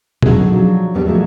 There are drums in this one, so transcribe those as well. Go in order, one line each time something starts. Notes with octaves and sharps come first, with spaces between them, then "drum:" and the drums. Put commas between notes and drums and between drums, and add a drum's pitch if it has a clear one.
D3 F#3 D#4 G#4, drum: tom B2
F3 F#3 D4
D#2 G#2 G3 B3 C#4 D4
A#2 F3 F#3 G#3 A3 E4